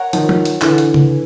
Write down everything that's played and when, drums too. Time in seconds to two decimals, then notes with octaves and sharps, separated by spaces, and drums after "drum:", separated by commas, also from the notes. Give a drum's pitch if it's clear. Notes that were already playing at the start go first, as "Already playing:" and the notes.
Already playing: A#4 C#5 F#5
0.13 D#3 F3, drum: hi-hat
0.29 drum: tom F3
0.45 drum: hi-hat
0.62 D3 E3, drum: clap
0.78 drum: hi-hat
0.94 drum: tom C#3